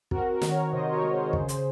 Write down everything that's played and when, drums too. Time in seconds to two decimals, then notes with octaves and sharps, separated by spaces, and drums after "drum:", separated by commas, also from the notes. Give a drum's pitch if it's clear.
0.11 C4 F#4 A#4, drum: kick
0.32 F#4 A#4
0.42 D#3, drum: snare
0.52 A#4 C#5
0.72 C3 C5 D#5
0.93 A#4 C#5
1.03 G#3
1.13 G#4 C5
1.33 C#3, drum: kick
1.48 drum: hi-hat